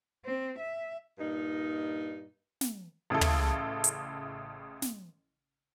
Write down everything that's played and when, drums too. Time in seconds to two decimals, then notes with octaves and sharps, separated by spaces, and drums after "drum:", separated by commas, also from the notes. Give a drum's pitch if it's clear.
0.25 C4
0.58 E5
1.18 G2 A#2 D#4
2.61 drum: snare
3.10 A1 C#3 E4 A4
3.21 drum: tom
3.84 drum: hi-hat
4.82 drum: snare